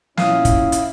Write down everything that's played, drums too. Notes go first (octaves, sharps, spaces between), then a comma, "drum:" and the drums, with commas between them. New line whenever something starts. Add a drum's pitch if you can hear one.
A#2 C#4 E4 F5 D#6, drum: snare
drum: kick, hi-hat
drum: hi-hat